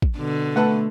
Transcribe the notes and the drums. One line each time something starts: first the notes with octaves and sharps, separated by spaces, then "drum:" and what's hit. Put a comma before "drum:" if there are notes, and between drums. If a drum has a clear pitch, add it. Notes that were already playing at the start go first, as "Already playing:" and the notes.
drum: kick
B2 D3
A3 A4 B4 F#5